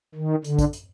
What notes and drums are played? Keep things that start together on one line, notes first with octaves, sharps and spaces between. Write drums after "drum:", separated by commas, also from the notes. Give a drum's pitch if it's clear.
D#3
D3, drum: hi-hat
drum: kick, hi-hat
drum: hi-hat